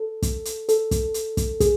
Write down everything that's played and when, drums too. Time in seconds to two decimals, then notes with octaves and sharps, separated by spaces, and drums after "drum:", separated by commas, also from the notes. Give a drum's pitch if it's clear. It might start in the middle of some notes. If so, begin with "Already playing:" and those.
Already playing: A4
0.22 drum: kick, hi-hat
0.45 drum: hi-hat
0.69 A4, drum: hi-hat
0.91 drum: kick, hi-hat
1.14 drum: hi-hat
1.37 drum: kick, hi-hat
1.60 G#4, drum: kick, hi-hat